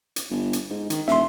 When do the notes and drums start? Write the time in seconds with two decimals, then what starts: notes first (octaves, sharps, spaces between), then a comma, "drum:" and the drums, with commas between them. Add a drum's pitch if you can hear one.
0.16 drum: hi-hat
0.30 G1
0.53 drum: hi-hat
0.70 G#2
0.90 D#3, drum: hi-hat
1.08 E1 E5 C6, drum: snare